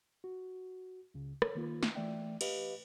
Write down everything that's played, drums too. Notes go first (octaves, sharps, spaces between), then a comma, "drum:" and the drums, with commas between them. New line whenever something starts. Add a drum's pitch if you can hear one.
F#4
C#2 C#3
A4 A#4 C#5, drum: rim click
D#3 A#3 F4
drum: snare
E3 A3 D5 E5 G5
G4 B4 D#5 F5, drum: cymbal